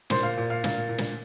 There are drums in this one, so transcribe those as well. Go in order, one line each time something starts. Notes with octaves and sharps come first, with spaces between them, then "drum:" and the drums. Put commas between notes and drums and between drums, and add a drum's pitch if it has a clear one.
A#2 C5, drum: snare
F5
A#2
F5
A#2, drum: snare
A#2
drum: snare